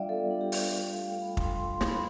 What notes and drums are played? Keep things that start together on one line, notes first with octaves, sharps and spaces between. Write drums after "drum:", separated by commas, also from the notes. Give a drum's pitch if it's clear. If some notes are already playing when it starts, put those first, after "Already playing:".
Already playing: G3 D4 F4 D5 E5 F5 G5
B3 A4
D4
G4
G3, drum: open hi-hat
F4 A4
A3 F5
G5
A3 B5
D4 C6, drum: kick
F4 C6
C6
A3, drum: snare
B5